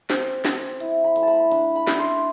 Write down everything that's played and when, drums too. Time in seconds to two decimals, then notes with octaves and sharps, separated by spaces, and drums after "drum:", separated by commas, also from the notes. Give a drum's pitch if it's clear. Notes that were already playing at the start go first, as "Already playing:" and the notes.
0.10 C4, drum: snare
0.45 C4, drum: snare
0.80 E4, drum: hi-hat
1.04 B5
1.16 A3, drum: hi-hat
1.22 A5 B5
1.52 D4 B5, drum: hi-hat
1.76 B5
1.87 D4, drum: snare
1.99 C6